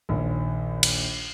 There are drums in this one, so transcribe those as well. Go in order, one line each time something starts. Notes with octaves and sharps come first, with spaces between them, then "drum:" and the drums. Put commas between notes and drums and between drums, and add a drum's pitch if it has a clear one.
A#1 D#2
drum: cymbal